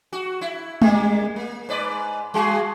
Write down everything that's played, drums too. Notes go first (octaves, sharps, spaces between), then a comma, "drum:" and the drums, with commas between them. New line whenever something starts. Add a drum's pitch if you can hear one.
F#4
E4
G3 G#3 A#3, drum: tom G#3
A#3
G#2 B4 D5
G3 F#4 G#4